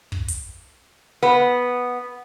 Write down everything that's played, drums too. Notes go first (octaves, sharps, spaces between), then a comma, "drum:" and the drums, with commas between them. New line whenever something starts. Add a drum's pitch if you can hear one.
drum: kick
drum: hi-hat
B3